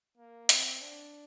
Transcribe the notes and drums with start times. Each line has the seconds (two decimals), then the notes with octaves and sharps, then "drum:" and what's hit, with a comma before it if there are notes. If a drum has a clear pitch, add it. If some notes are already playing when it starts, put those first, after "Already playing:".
0.18 A#3
0.49 C4, drum: hi-hat
0.81 D4